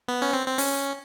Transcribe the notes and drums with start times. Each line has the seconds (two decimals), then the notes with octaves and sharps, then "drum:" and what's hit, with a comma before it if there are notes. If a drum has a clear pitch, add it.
0.08 B3
0.22 C#4
0.33 C4
0.47 C4
0.58 C#4, drum: open hi-hat